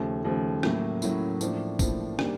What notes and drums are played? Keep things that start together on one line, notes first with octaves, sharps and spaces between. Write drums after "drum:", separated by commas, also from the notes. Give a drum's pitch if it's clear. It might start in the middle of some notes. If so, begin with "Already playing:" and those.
Already playing: D#2 C#3 F3 A3
D#2 C#3 F3 A3
A2 F#3 A#3 C#4 E4, drum: rim click
A2 F#3 A#3 C#4 E4, drum: tambourine
A2 F3 A#3 D4, drum: tambourine
A2 F3 A#3 D4, drum: kick, tambourine
D#3 G3 A#3 D4, drum: rim click